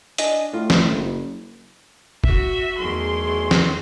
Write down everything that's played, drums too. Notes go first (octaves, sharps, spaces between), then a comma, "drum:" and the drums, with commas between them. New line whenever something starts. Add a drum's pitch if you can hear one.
D4 D#5 G#5, drum: hi-hat
A2 F4
drum: snare
F#1
F#4 E5, drum: kick
E2 D#3 F#3 A3 G#4 C6
drum: snare